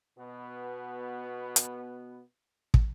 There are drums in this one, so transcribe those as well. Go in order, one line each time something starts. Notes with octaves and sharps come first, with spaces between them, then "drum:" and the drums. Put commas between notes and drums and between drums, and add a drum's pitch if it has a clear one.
B2 B3
drum: hi-hat
drum: kick